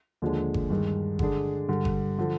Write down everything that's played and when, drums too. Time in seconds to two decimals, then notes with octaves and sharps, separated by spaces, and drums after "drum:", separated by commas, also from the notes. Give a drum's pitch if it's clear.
0.22 D#2 D3 F3 G#3 D4
0.54 drum: kick G1
0.70 G2 D#3 G#3
1.19 D3 G#3 D4 G#4, drum: kick G1
1.68 G2 D3 G3
1.85 drum: kick G1
2.19 D3 F3